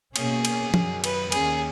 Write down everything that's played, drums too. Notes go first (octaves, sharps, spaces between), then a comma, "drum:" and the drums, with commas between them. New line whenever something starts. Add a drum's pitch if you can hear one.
B2 A#3 C#4 G#4, drum: cymbal
drum: cymbal
F#2 D#3 F#3, drum: tom F3
B4, drum: cymbal
D#2 D#3 A#3 C#4 G#4, drum: cymbal